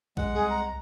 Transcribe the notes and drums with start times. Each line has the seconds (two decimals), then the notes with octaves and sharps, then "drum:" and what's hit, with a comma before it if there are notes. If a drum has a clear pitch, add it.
0.17 G#3 F#5, drum: kick A#1
0.34 C2 G#4
0.50 A#5